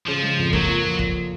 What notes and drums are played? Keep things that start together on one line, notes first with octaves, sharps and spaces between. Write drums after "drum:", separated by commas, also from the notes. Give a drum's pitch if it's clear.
C#3 F3
G#3
F2
F#3 A#3, drum: kick
F4
F3
drum: kick